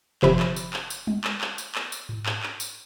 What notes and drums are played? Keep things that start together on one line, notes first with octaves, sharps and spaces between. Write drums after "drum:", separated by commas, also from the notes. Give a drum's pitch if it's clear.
G1 C3 F3 E5 B5, drum: clap
drum: clap
drum: tambourine
drum: clap
drum: tambourine
drum: tom G3
drum: clap
drum: clap
drum: tambourine
drum: clap
drum: tambourine
drum: tom G#2
drum: clap
drum: clap
drum: tambourine